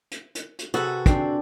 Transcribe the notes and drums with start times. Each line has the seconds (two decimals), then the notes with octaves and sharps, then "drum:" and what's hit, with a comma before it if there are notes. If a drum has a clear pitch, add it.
0.11 drum: hi-hat
0.35 drum: hi-hat
0.59 drum: hi-hat
0.74 C3 F#4 G#4 A4 B4
1.06 C4 D4, drum: kick, hi-hat